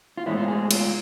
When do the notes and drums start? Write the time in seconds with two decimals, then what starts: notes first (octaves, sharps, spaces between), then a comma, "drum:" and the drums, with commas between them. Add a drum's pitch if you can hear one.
0.17 F4
0.26 A2 G#3 B3 E4
0.37 F4
0.48 G#4
0.71 F4, drum: cymbal